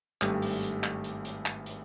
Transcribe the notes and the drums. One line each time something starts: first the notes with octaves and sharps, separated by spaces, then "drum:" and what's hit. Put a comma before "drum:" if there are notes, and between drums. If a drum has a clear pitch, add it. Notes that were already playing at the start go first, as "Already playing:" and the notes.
G#1 G2 G3 A3 G4, drum: clap
drum: open hi-hat
drum: hi-hat
drum: clap
drum: hi-hat
drum: hi-hat
drum: clap
drum: hi-hat